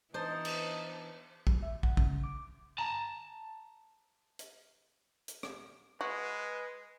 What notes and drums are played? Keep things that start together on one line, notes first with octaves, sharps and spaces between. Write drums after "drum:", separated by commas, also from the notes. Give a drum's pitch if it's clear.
E3 B3 D4 D#4 C5 A5
drum: cymbal
F#3, drum: kick
E5
F#5, drum: kick
C#3, drum: kick
D6
A5 A#5
drum: hi-hat
drum: hi-hat
drum: rim click
G#3 F#4 B4